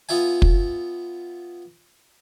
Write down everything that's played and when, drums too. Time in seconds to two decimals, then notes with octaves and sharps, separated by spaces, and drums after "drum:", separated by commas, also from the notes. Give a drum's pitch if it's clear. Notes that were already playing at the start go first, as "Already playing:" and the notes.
0.09 B3 F4 E5 G#5
0.42 drum: kick